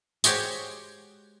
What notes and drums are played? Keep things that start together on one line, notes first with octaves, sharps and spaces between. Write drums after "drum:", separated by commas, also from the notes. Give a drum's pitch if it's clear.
G#3 F#4 G4 C5 C#5, drum: tambourine